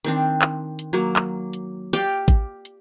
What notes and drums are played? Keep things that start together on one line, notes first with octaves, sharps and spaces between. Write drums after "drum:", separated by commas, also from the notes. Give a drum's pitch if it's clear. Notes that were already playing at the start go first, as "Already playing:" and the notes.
D#3 C4 D4, drum: hi-hat
drum: clap
drum: hi-hat
F#3 A#3
drum: clap
drum: hi-hat
G4 D5 F5 G5, drum: hi-hat
drum: kick, hi-hat
drum: hi-hat